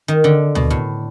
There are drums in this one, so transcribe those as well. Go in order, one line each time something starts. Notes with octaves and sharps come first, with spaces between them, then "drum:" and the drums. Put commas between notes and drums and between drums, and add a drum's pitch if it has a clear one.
D#3
D3
B2, drum: tom D2
A2